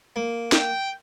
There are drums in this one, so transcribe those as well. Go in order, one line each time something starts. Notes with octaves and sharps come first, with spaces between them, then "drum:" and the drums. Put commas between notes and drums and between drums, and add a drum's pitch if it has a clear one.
A#3
G5, drum: snare